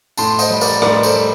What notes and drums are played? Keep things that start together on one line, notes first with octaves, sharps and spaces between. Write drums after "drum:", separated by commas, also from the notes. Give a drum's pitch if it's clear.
A2 A5 C6, drum: tambourine
C5 D#5, drum: tambourine
G3
A#4 D5, drum: tambourine
A2 A#4 D5, drum: rim click
A4 C5, drum: tambourine
G3